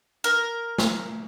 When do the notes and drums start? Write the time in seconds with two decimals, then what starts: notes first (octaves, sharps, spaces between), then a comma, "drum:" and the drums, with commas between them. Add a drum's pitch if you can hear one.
0.24 A#4
0.78 drum: snare